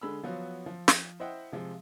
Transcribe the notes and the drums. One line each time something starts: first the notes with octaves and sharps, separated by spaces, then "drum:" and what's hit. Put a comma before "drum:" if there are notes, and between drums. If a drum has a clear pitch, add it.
D3 G#3 B5 E6
F3 F#3 B3 F4 F#4
F3
drum: snare
E4 C5 D#5 E5 F#5 G5
C3 F3 G#3